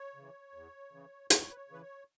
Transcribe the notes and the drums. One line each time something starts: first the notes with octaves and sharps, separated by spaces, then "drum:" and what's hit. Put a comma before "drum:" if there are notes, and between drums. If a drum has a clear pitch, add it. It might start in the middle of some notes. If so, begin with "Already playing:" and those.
Already playing: C#5
C#3 E3
E2
C#3 E3
E2 C#5, drum: hi-hat
B4
C#5
C#3 E3 B4
C#5